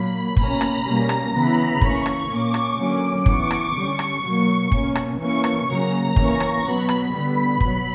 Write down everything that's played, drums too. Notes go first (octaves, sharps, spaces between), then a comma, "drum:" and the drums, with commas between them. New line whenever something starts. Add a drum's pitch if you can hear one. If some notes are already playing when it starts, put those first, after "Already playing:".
Already playing: A#2 F#3 A#3 B5
B2 A#3 C#4 A#5, drum: kick
drum: rim click
B2 G3 A#3 C#4
drum: rim click
C#3 E3 B3 B5
E3 A#3 C#4 C#6, drum: kick
drum: rim click
A#2 A#3 C#4 D6
drum: rim click
D3 F#3 A#3 C#4 D6
E3 B3 C#6, drum: kick
drum: rim click
D3 G3 C#4
drum: rim click
B2 F#3 A#3
B2 A#3 C#4, drum: kick
drum: rim click
E3 A#3 C#4 C#6
drum: rim click
C#3 F#3 A#3 C#4 A#5
E3 A#3 C#4 C#6, drum: kick
drum: rim click
B2 F#3 B3 B5
drum: rim click
D3 G3 B3
B2 F#3 B3 B5, drum: kick